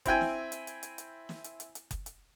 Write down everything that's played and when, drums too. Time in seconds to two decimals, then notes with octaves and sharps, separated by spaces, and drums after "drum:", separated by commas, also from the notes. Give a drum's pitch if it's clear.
0.05 C4 E4 G5 G#5, drum: kick F#1, hi-hat
0.21 drum: snare
0.52 drum: hi-hat
0.67 drum: hi-hat
0.83 drum: hi-hat
0.98 drum: hi-hat
1.29 drum: snare
1.44 drum: hi-hat
1.60 drum: hi-hat
1.75 drum: hi-hat
1.91 drum: kick F#1, hi-hat
2.06 drum: hi-hat